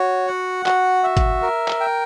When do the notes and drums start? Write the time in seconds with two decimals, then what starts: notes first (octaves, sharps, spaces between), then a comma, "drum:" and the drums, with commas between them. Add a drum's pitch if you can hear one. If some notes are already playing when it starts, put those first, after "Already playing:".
Already playing: F#4 C#5
0.27 F#5
0.66 F#4, drum: clap
1.04 E5
1.17 drum: kick, hi-hat
1.42 A#4
1.68 drum: clap
1.80 G5